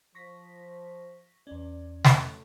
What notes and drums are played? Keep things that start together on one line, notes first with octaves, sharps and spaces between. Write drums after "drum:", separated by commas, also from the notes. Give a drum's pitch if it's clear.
F3 C#6 A#6 B6
E2 C#4 D5
A2 F#3 A3, drum: snare